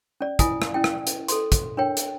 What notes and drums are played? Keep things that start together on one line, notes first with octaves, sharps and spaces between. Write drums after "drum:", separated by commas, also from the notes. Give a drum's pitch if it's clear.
C#4 D5
E4 F4 G#5 D#6, drum: kick, hi-hat
drum: rim click
C#4 E4 G5
drum: rim click
drum: hi-hat
A4 C6, drum: hi-hat
drum: kick, hi-hat
D4 A#4 C#5 G5
drum: hi-hat